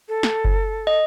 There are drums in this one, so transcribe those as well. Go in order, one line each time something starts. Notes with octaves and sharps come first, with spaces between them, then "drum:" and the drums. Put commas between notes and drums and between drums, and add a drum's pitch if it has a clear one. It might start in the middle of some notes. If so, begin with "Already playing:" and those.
A4
drum: snare
drum: kick F#1
D#5